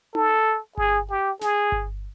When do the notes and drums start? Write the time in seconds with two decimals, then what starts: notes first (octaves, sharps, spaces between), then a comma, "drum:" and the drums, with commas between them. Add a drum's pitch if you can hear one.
0.15 A4, drum: tom D#4
0.78 G#4, drum: kick G1
1.10 G4
1.41 G#4, drum: snare
1.72 drum: kick G1